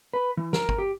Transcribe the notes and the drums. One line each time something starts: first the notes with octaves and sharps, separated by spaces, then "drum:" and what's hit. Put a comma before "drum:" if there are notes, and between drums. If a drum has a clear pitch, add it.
B4
E3
A#4, drum: snare
drum: kick
G4